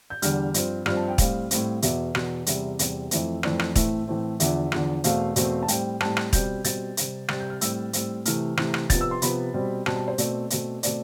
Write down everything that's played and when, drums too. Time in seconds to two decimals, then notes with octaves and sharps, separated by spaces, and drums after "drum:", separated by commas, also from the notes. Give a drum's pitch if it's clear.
0.10 G6
0.22 E2 D3 G3 F6, drum: hi-hat
0.54 G2 F3 C4, drum: hi-hat
0.86 G2 F3 C4 F6, drum: rim click
0.97 A5
1.08 G5
1.18 A2 G3 C4 F5, drum: kick, hi-hat
1.51 A2 G3 C4, drum: hi-hat
1.82 E2 B2 B3 E5, drum: hi-hat
2.15 E2 B2 B3, drum: rim click
2.46 E2 C3 G3 C4 E5, drum: hi-hat
2.79 E2 C3 G3 C4, drum: hi-hat
3.11 F2 E3 A3 C4 E5, drum: hi-hat
3.43 F2 E3 A3 C4 D5, drum: rim click
3.59 drum: rim click
3.76 A2 E3 A3 C4 E5, drum: kick, hi-hat
4.07 A2 E3 A3 C4
4.40 E2 D3 F3 E5, drum: hi-hat
4.72 E2 D3 F3, drum: rim click
5.04 E2 B2 A3 C4 F5, drum: hi-hat
5.36 E2 B2 A3 C4, drum: hi-hat
5.63 A5
5.68 A2 G3 C4 G5, drum: hi-hat
6.01 A2 G3 C4 A5, drum: rim click
6.17 drum: rim click
6.33 B2 G3 C4 G6, drum: kick, hi-hat
6.64 B2 G3 C4 A6, drum: hi-hat
6.97 C3 G3 C4, drum: hi-hat
7.28 C3 G3 C4 A6, drum: rim click
7.40 G6
7.50 F6
7.61 A2 G3 C4 E6, drum: hi-hat
7.93 A2 G3 C4, drum: hi-hat
8.25 C3 E3 A3 F6, drum: hi-hat
8.57 C3 E3 A3, drum: rim click
8.74 drum: rim click
8.90 C3 F3 B3 A6, drum: kick, hi-hat
9.01 E6
9.11 C6
9.22 C3 F3 B3 B5, drum: hi-hat
9.54 B2 G3 C4
9.86 B2 G3 C4 A5, drum: rim click
9.96 A5
10.08 C5
10.18 B2 A3 C4 D5, drum: hi-hat
10.50 B2 A3 C4, drum: hi-hat
10.83 B2 A3 C4 D5, drum: hi-hat